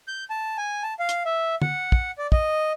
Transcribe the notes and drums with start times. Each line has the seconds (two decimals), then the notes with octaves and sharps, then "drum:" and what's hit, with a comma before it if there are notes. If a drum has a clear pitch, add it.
0.08 G6
0.30 A5
0.58 G#5
0.83 A5
0.99 F5
1.09 drum: hi-hat
1.26 E5
1.62 F#5, drum: tom
1.92 drum: kick
2.18 D5
2.32 D#5, drum: kick